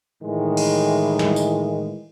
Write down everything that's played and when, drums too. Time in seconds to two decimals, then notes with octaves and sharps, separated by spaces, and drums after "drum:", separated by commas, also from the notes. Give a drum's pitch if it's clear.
0.21 A2 D#3 E3 G#3
0.57 drum: cymbal
1.19 drum: snare
1.36 drum: tambourine